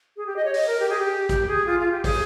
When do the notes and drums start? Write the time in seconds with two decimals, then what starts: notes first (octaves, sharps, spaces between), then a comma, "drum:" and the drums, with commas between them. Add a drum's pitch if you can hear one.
0.17 G#4
0.26 G4
0.36 D#5
0.45 C#5
0.54 D#5, drum: open hi-hat
0.67 A#4
0.80 G4
0.89 G#4
0.99 G4
1.29 G4, drum: kick, hi-hat
1.48 G#4
1.67 F4
1.80 F4
1.92 G4
2.04 G#4, drum: kick, open hi-hat